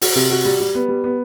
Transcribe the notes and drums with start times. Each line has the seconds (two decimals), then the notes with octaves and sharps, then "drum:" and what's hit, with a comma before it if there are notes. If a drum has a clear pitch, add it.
0.02 F#4, drum: open hi-hat
0.16 C3
0.31 F#4
0.45 G3
0.60 G3
0.75 B3
0.89 G3
1.04 B3